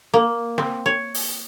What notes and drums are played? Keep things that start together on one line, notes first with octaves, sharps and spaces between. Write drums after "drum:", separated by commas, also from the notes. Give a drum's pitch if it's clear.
A#3
C4, drum: snare
C#5
drum: open hi-hat